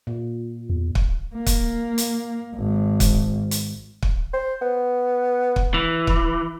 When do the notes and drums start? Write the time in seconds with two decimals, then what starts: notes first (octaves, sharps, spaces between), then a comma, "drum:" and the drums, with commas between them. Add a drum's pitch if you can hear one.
0.07 A#2
0.70 E2
0.95 drum: kick
1.35 A#3
1.46 drum: kick, hi-hat
1.98 drum: hi-hat
2.55 G#1
3.00 drum: kick, hi-hat
3.51 drum: hi-hat
4.02 drum: kick
4.34 C5
4.62 B3
5.56 drum: kick
5.74 E3
6.07 drum: kick